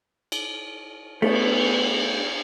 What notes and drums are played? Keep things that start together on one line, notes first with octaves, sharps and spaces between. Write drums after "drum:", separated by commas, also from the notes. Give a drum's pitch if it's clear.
drum: cymbal
A3 B3, drum: cymbal